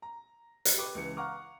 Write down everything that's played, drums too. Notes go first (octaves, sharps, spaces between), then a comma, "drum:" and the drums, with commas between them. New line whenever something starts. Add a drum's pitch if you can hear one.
A#5
drum: hi-hat
G4 B4 D6
C#2 E3 C#7
F5 F#5 A#5 C#6 D6 F6